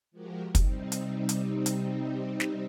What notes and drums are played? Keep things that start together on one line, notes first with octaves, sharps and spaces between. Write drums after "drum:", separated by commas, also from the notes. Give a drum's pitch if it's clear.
F3 G#3 F#4 G4 A#4
C3 G3 C4 D#4, drum: kick, hi-hat
drum: hi-hat
drum: hi-hat
drum: hi-hat
drum: snare